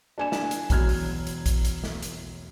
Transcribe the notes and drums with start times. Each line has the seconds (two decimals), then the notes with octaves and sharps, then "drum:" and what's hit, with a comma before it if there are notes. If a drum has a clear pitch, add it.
0.18 D4 G#5 E7
0.32 drum: snare
0.51 drum: hi-hat
0.70 E1 F#3 F6 G#6, drum: kick A#1, hi-hat
0.89 drum: open hi-hat
1.27 drum: hi-hat
1.46 drum: kick A#1, hi-hat
1.65 drum: hi-hat
1.84 drum: snare
2.02 drum: hi-hat